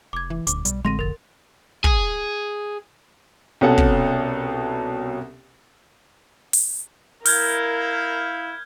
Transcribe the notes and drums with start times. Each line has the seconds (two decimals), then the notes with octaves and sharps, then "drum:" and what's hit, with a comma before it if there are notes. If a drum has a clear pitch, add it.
0.13 F1 D6 G#6
0.30 E3
0.47 D#1 D2 D6, drum: hi-hat
0.65 B1 G3, drum: hi-hat
0.85 A1 D3 G#3 A3 C4 C6 A#6 D#7
0.99 F1 A#4 A6
1.84 G#4, drum: kick
3.61 C2 B2 C#4 A4 F#5
3.78 drum: kick
6.53 drum: open hi-hat
7.26 E4 A#4 F5 F6 G6 G#6, drum: open hi-hat